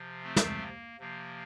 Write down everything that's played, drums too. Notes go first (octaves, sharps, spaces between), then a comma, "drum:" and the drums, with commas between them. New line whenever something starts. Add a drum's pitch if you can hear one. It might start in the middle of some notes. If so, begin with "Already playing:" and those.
Already playing: C3 F3
A3 C4
drum: snare
A#3
C3 F3 A#3